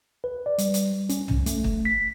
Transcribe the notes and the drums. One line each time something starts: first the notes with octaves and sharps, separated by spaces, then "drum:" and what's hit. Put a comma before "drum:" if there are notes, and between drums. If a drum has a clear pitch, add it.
B4
D5
G3, drum: hi-hat
drum: hi-hat
C#4, drum: hi-hat
drum: tom
A3, drum: hi-hat
drum: kick
B6